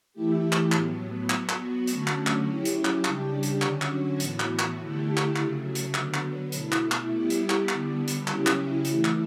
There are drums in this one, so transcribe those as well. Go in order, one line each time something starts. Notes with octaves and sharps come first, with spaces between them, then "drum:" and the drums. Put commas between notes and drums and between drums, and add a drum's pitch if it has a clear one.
E3 A3 E4 G4
drum: clap
A2 F#3 B3, drum: clap
F#3 B3 F#4, drum: clap
drum: clap
D3 F#3 A3 C#4 F#4, drum: hi-hat
drum: clap
drum: clap
F#3 C#4 E4 G4
drum: hi-hat
drum: clap
C#3 G3 D4 G4, drum: clap
drum: hi-hat
D3 F#3 C#4 F#4, drum: clap
drum: clap
A2 E3 B3 F#4, drum: hi-hat
drum: clap
drum: clap
D3 A3 E4 G4
drum: clap
C#3 F#3 A3, drum: clap
drum: hi-hat
D3 F#3 B3, drum: clap
drum: clap
B2 A3 E4, drum: hi-hat
drum: clap
drum: clap
G3 B3 E4 G4
drum: hi-hat
drum: clap
D3 G3 B3, drum: clap
drum: hi-hat
C#3 F#3 C#4 E4 G4, drum: clap
drum: clap
E3 A3 E4, drum: hi-hat
drum: clap